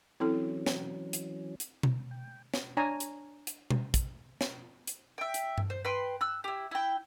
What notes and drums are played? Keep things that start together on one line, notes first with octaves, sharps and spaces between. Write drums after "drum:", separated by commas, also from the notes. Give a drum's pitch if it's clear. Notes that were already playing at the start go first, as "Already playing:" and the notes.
E3 F#3 C4 C#4 E4 A4
drum: snare
drum: hi-hat
drum: hi-hat
drum: tom B2
G5
drum: snare
D4 C#5 G#5 A#5
drum: hi-hat
drum: hi-hat
drum: tom B2
drum: kick, hi-hat
drum: snare
drum: hi-hat
E5 G5
drum: hi-hat
drum: tom G2
C5
B4 G5 C6
E6 F#6
E4 G4
E4 G5